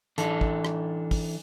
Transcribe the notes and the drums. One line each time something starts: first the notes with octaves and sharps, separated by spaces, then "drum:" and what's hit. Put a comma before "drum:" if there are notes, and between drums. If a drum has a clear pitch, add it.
E3 D4 A4, drum: hi-hat
drum: kick
drum: rim click
drum: kick, open hi-hat